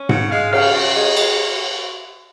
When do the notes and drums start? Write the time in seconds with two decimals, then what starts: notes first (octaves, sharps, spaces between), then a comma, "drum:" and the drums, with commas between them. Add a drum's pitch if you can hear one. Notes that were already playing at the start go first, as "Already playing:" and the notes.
Already playing: C#4
0.09 C#3 F#5, drum: tom G#2
0.31 G#3 F5
0.53 C#3 F5, drum: cymbal
0.74 C#3 F#4
0.95 G#3
1.17 G#3, drum: cymbal